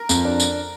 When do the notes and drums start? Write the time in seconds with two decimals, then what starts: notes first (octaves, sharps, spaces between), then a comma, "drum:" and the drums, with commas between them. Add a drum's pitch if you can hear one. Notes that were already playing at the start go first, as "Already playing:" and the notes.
Already playing: A#4
0.09 F2, drum: tambourine
0.25 D4
0.40 drum: tambourine